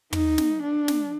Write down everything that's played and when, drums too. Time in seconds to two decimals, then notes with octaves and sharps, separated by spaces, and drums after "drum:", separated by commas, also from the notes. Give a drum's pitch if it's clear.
0.13 D#4, drum: tom
0.38 drum: snare
0.63 D4
0.88 drum: snare